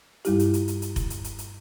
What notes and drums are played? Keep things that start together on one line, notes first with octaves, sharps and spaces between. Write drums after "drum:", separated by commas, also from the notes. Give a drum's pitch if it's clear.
G2 G3 E4 G4, drum: hi-hat
drum: hi-hat
drum: hi-hat
drum: hi-hat
drum: hi-hat
drum: kick F1, hi-hat
drum: hi-hat
drum: hi-hat
drum: hi-hat